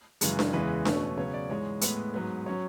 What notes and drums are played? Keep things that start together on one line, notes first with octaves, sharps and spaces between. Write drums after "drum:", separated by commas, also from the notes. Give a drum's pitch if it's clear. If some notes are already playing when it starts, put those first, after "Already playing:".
F#2 C#3 E3 G#3 B4, drum: hi-hat
drum: snare D4
E2 C#3 E3 G#3 B3 B4
B2 A3 C#4, drum: snare D4
C#3 F#3 B3 C#5
D5
G#2 E3 G#3 C#5
A2 G#3 B3 B4, drum: hi-hat
G#2 F#3 B3
F#3 C#4 C#5